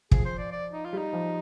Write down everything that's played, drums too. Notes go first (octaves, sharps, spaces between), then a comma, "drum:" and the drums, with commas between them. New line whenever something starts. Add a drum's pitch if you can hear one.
F3 G#4, drum: kick
C5
D5
D5
D#4
F4
G3
D#4
F3